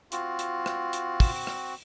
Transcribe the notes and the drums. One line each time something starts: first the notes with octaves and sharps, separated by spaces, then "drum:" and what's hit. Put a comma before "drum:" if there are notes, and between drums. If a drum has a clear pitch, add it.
C4 F4 F#4, drum: hi-hat
drum: hi-hat
drum: rim click
drum: hi-hat
drum: kick, open hi-hat
drum: rim click